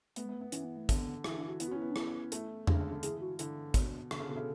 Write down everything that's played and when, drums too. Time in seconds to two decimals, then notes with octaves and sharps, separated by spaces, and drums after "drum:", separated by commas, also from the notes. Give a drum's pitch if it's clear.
0.16 A3 B3, drum: hi-hat
0.25 G#3
0.29 B3
0.34 A3
0.41 B3
0.52 E3 C#4, drum: hi-hat
0.65 B3
0.77 A3
0.89 D3 B3, drum: kick, hi-hat
1.24 E3, drum: rim click
1.36 D4
1.48 F#4
1.60 B3 E4, drum: hi-hat
1.68 F#4
1.71 C#4 E4
1.82 B3
1.91 D4
1.96 E4, drum: rim click
2.32 A3, drum: hi-hat
2.67 G#3 D4, drum: tom E2
2.74 C#3
2.80 D3
2.91 D3
3.03 E3 G#4, drum: hi-hat
3.21 F#4
3.39 D3 E4, drum: hi-hat
3.74 B2 D4, drum: kick, hi-hat
4.11 D3, drum: rim click
4.19 C#3
4.27 B2 A4
4.36 C#3